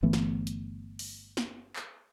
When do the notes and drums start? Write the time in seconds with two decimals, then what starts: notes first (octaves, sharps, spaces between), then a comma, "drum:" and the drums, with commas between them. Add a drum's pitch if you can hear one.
0.03 G1 E3 A3 B3
0.13 drum: snare
0.47 drum: hi-hat
0.99 drum: open hi-hat
1.37 drum: snare
1.76 drum: clap